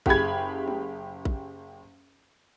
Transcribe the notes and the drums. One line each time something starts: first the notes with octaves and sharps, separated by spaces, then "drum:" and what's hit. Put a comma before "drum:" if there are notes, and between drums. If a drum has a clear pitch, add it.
F#1 G4 G#4 B5 G#6, drum: kick A#1
drum: tom
drum: kick A#1